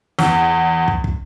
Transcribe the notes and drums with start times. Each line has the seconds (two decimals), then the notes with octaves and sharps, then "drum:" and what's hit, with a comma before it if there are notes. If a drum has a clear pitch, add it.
0.19 E2, drum: snare
0.88 drum: kick
1.04 drum: kick